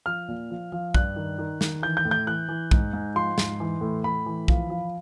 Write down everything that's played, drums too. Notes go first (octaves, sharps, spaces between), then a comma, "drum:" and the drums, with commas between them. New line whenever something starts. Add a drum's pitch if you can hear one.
F3 F6
A#2
F3
F3
G2 F#6, drum: kick B1
D#3
D#3
D#3, drum: snare
E3 G6
G6
A2
G6
E3 F#6
E3
G#2, drum: kick B1
G#2
F3 C6
G#2, drum: snare
E3
A2
A2 B5
E3
F3, drum: kick B1
F3